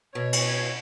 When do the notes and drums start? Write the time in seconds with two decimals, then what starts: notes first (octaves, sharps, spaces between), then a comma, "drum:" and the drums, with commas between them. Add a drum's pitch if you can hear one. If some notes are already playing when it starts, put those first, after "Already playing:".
0.15 B2 C#5
0.33 drum: cymbal